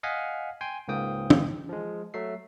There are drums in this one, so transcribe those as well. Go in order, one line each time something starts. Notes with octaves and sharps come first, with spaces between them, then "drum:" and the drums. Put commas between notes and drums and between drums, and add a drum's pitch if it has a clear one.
D#5 F5 F#5 G#5 B6
G5 G#5 C6
C#2 G#2 A#3 G5 D#6
drum: tom
F3 G#3
F#3 A3 E5 C7